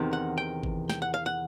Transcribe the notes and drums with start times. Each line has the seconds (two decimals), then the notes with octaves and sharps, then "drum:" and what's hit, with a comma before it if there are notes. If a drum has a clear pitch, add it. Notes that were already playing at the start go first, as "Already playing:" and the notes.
Already playing: E2 C3 D#3
0.13 F#5
0.38 G5
0.63 drum: kick G1
0.90 G5, drum: snare
1.02 F#5
1.14 F5
1.26 F#5